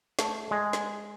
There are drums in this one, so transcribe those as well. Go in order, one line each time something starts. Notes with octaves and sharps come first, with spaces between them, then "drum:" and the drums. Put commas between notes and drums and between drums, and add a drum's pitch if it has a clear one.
A3, drum: snare
G#3
drum: snare